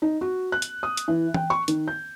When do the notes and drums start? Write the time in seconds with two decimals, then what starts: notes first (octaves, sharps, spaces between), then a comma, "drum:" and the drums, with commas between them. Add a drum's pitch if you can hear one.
0.02 D#4
0.21 F#4
0.52 F#6
0.62 drum: hi-hat
0.83 D#6
0.97 drum: hi-hat
1.08 E3
1.34 G5, drum: tom E3
1.50 C#6
1.68 D#3, drum: hi-hat
1.88 G6